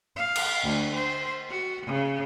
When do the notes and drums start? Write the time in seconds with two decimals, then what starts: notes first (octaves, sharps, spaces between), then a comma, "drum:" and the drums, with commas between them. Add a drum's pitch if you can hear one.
0.16 F5
0.35 drum: cymbal
0.64 D2
0.95 C5
1.50 F#4
1.86 C#3